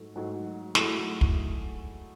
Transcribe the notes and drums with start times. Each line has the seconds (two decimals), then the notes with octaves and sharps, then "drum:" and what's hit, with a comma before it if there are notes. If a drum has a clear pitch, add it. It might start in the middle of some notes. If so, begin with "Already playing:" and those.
Already playing: G#2 F#3 A3
0.16 G#2 F#3 A3
0.75 F#3 A3 E4 G#4, drum: snare
1.21 drum: kick